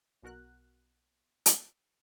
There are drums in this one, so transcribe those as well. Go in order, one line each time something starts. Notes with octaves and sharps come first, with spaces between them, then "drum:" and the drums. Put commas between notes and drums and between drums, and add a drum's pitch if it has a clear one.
B1 B2 F#4 A#4 F#6
drum: hi-hat